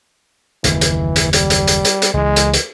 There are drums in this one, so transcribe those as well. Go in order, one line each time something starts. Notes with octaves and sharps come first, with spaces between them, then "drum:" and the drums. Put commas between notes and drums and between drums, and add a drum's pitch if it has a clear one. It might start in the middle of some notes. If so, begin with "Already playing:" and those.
F#1 D#2 E3, drum: hi-hat
drum: hi-hat
drum: hi-hat
G3, drum: hi-hat
drum: hi-hat
drum: hi-hat
drum: hi-hat
drum: hi-hat
C#2 E3 G#3
drum: hi-hat
drum: hi-hat